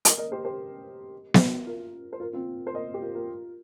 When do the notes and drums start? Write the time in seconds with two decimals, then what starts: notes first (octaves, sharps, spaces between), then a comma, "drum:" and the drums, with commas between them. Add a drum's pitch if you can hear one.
0.05 A#4 D#5, drum: hi-hat
0.18 A#4 D#5
0.32 G4 C5
0.45 G4 C5
1.34 drum: snare B3
1.66 F4 A#4
2.13 C5
2.20 F4 A#4
2.33 C4 F4
2.67 C5
2.74 A#4 D#5
2.94 G4
3.01 F4 A#4
3.15 F4 A#4